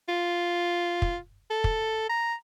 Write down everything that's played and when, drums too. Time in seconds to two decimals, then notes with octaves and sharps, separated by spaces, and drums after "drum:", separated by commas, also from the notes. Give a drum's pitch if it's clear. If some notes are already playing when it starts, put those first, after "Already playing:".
0.09 F4
1.02 drum: kick
1.51 A4
1.64 drum: kick
2.10 A#5